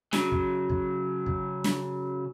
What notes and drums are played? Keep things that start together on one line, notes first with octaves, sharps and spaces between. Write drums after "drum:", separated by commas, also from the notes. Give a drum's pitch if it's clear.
C#3 F#3, drum: snare
drum: kick
drum: kick
drum: kick
drum: snare